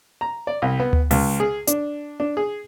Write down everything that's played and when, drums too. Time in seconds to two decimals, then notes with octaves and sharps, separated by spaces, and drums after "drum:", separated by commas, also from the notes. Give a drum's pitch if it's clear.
0.21 A#5
0.47 D5
0.62 C2
0.80 B3
0.93 drum: tom D2
1.11 C#2, drum: open hi-hat
1.40 G#4
1.67 D4, drum: hi-hat
2.20 D4
2.37 G#4